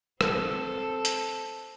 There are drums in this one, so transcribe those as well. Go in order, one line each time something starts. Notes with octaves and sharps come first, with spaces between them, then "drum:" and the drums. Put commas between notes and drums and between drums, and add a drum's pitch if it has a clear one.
C4 A4, drum: rim click
drum: hi-hat